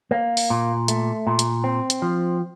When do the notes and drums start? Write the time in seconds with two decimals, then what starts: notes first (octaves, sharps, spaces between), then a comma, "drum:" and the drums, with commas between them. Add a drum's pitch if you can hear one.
0.11 A#3
0.37 drum: open hi-hat
0.50 A#2
0.88 A3, drum: hi-hat
1.27 A#2
1.39 drum: hi-hat
1.64 C4
1.90 drum: hi-hat
2.02 F3